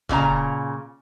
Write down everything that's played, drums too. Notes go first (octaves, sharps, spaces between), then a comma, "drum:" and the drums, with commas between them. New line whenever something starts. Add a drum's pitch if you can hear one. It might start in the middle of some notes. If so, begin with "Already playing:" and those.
A#2 C#3 E4 A#5, drum: kick